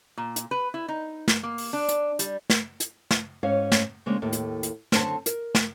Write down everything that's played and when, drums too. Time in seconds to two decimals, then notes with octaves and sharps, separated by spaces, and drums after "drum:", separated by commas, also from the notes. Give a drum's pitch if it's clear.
0.17 A#2
0.36 drum: hi-hat
0.51 B4
0.74 E4
0.88 D#4
1.28 drum: snare
1.43 A#3
1.58 drum: open hi-hat
1.73 D4
1.89 drum: hi-hat
2.19 G3, drum: hi-hat
2.50 drum: snare
2.80 drum: hi-hat
3.11 drum: snare
3.43 G#2 C#4 G#4 C#5 F5
3.72 drum: snare
4.06 C#3 G#3 A#3 C4 D4
4.22 D#2 A2 A#3 A4
4.33 drum: hi-hat
4.63 drum: hi-hat
4.92 F#2 D3 C4 A4 A5, drum: snare
5.26 A#4, drum: hi-hat
5.55 drum: snare